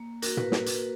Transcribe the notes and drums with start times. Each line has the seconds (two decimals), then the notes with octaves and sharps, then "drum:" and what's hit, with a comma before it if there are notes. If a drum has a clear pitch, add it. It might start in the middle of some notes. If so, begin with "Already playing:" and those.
Already playing: A#3
0.22 F#4 A#4, drum: hi-hat
0.37 B4, drum: tom
0.52 drum: snare
0.66 drum: hi-hat